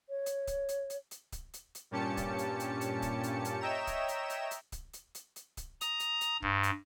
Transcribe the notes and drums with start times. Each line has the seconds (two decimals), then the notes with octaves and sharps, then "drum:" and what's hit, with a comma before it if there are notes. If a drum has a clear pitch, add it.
0.09 C#5
0.26 drum: hi-hat
0.47 drum: kick C#1, hi-hat
0.69 drum: hi-hat
0.90 drum: hi-hat
1.11 drum: hi-hat
1.32 drum: kick C#1, hi-hat
1.54 drum: hi-hat
1.75 drum: hi-hat
1.91 G2 A#2 C#4 G4 A5 C#7
2.17 drum: kick C#1, hi-hat
2.39 drum: hi-hat
2.60 drum: hi-hat
2.81 drum: hi-hat
3.02 drum: kick C#1, hi-hat
3.24 drum: hi-hat
3.45 drum: hi-hat
3.60 C#5 D#5 E5 G5 A#5 E7
3.87 drum: kick C#1, hi-hat
4.09 drum: hi-hat
4.30 drum: hi-hat
4.51 drum: hi-hat
4.72 drum: kick C#1, hi-hat
4.94 drum: hi-hat
5.15 drum: hi-hat
5.36 drum: hi-hat
5.57 drum: kick C#1, hi-hat
5.81 A#5 D#6, drum: hi-hat
6.00 drum: hi-hat
6.21 drum: hi-hat
6.42 G2, drum: kick C#1
6.63 drum: hi-hat